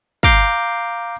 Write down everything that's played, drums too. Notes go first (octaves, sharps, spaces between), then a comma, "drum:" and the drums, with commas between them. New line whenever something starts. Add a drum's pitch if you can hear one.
F5 A#5 D6 G6 C7, drum: kick